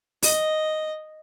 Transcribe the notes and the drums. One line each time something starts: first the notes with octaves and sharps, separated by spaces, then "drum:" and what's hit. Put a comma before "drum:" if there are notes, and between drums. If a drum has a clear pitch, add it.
D#5, drum: open hi-hat